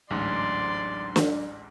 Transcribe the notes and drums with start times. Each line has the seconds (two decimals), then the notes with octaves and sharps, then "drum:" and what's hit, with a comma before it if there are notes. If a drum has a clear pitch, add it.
0.10 A1 D2 G#2 F#3 D4 D5 C6
1.16 drum: snare